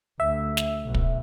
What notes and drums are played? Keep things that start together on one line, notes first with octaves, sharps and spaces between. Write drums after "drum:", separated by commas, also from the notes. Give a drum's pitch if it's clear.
D2 E5
drum: snare
B1
drum: kick